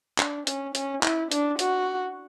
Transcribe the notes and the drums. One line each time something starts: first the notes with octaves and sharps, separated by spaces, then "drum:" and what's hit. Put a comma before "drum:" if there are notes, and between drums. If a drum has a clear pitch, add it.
D4, drum: clap
C#4, drum: hi-hat
C#4, drum: hi-hat
E4, drum: clap
D4, drum: hi-hat
F#4, drum: hi-hat